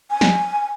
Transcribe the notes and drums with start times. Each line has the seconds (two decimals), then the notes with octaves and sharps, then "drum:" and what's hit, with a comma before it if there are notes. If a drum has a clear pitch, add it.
0.11 G#5
0.21 drum: snare